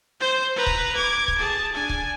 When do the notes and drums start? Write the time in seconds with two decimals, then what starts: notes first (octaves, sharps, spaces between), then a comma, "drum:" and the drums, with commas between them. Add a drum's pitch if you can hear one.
0.20 C5 G6
0.56 B4 A#5
0.66 drum: kick C#1
0.95 D6 G#6
1.28 drum: kick C#1
1.38 G#4 A5
1.73 D4 G#5
1.89 drum: kick C#1